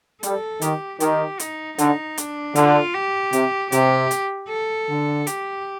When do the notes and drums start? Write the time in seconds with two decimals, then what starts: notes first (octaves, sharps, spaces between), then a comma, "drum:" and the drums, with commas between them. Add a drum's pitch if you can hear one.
0.23 G3 A4, drum: hi-hat
0.62 D#3 G4, drum: hi-hat
1.00 D#3 G4, drum: hi-hat
1.39 D#4, drum: hi-hat
1.78 D3 D#4, drum: hi-hat
2.18 D4, drum: hi-hat
2.55 D3 F4, drum: hi-hat
2.94 G4
3.33 C3, drum: hi-hat
3.72 C3 G4, drum: hi-hat
4.11 drum: hi-hat
4.49 A4
4.89 D3
5.27 G4, drum: hi-hat